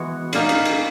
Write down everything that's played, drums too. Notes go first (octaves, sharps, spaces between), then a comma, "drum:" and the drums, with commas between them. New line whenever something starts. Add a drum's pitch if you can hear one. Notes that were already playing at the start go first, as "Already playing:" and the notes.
Already playing: E3 G#3 B3 F#4
A#2 A#3 D#4, drum: cymbal
drum: cymbal
drum: cymbal